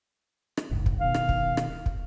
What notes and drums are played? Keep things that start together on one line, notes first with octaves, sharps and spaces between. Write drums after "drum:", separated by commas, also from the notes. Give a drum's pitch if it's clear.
drum: rim click
F#1 C#2 G#2
drum: kick
B2 D#3 F5
drum: rim click
drum: kick
drum: rim click
drum: kick